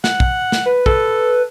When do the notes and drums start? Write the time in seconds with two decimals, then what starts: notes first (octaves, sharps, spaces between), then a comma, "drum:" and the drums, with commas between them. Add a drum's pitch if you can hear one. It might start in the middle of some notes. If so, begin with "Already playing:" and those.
0.04 F#5, drum: snare
0.20 drum: kick
0.52 drum: snare
0.66 B4
0.86 A4, drum: kick